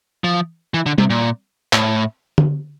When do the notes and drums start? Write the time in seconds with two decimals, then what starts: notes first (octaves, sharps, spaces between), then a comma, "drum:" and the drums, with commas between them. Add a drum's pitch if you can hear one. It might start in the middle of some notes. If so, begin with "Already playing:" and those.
0.24 F3
0.74 E3
0.86 D3
0.98 C3, drum: tom G3
1.10 A#2
1.73 A2, drum: clap
2.38 drum: tom